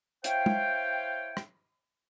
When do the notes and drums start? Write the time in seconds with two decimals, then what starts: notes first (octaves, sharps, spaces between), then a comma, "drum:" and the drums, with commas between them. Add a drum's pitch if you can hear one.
0.24 E4 C5 C#5 F5 G5, drum: hi-hat
0.46 drum: tom G#3
1.37 drum: rim click